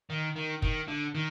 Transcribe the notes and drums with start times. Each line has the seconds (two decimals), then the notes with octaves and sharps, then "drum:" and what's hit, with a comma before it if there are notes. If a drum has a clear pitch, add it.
0.10 D#3
0.36 D#3
0.62 D#3, drum: kick F#1
0.88 D3
1.15 D#3